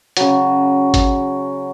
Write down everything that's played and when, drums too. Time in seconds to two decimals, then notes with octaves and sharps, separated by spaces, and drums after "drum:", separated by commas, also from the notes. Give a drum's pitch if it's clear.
0.17 C#3 F#3, drum: hi-hat
0.94 drum: kick G1, hi-hat